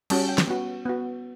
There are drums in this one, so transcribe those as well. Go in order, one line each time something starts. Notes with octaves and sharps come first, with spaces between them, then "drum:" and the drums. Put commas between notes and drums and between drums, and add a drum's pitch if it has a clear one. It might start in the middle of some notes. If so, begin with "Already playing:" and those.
G3 C#4 F#4 A5, drum: cymbal
G5
drum: snare
B3 F#4
B3 F#4